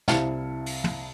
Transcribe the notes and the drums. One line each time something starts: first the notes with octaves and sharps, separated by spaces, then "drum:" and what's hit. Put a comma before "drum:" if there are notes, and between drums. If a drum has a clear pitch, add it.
C2 C4 E4 F5 A5 C#7, drum: snare
drum: open hi-hat
drum: tom